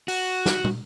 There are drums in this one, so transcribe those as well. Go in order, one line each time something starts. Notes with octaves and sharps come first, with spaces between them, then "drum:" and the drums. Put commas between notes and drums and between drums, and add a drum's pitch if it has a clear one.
F#4, drum: open hi-hat
drum: snare
drum: tom